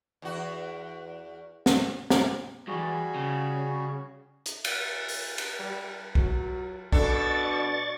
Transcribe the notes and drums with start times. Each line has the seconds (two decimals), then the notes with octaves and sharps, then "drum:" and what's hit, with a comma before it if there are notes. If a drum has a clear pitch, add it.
0.22 E2 F#4
1.66 drum: snare
2.10 drum: snare
2.67 E2 G2 G3 F#4 G#4
3.15 C#3
4.46 drum: hi-hat
4.64 drum: cymbal
5.09 drum: open hi-hat
5.38 drum: cymbal
5.59 G3
6.15 F#3, drum: kick
6.92 B2 D4 A4 D5 C#6 A6, drum: kick